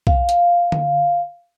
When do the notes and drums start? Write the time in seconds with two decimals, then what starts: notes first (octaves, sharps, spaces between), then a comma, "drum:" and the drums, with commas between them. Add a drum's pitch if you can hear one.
0.07 F5, drum: kick
0.29 drum: hi-hat
0.72 drum: tom D3